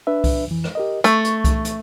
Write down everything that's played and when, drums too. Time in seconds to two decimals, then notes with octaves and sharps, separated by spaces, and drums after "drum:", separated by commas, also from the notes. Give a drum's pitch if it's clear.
0.07 D4 B4 E5
0.24 drum: kick C2, open hi-hat
0.48 F2 E3
0.64 drum: rim click
0.75 G4 A#4 D#5
1.04 A3 C#6 A6, drum: hi-hat
1.24 drum: hi-hat
1.44 drum: kick C2, hi-hat
1.65 drum: hi-hat